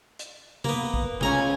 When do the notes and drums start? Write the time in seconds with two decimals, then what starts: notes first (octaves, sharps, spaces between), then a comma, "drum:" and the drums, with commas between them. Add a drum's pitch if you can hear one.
0.19 drum: hi-hat
0.64 A#3 B3, drum: tom
0.94 drum: kick
1.21 C#2 C#4 G#5 A#5, drum: tom